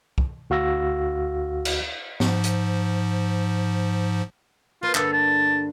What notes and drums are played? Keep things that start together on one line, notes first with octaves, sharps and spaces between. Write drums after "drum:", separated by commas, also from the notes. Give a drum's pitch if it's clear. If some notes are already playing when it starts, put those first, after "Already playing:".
drum: kick
D2 F#4 F5 E6 A#6
drum: cymbal
G#2 F3, drum: snare
drum: hi-hat
A#3 F4 B4 C5
G2 D3 A4, drum: clap
A5